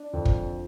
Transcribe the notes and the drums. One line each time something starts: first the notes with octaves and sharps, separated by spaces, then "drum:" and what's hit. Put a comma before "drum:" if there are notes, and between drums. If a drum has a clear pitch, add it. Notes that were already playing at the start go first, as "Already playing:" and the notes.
Already playing: D4
F2 D3
drum: kick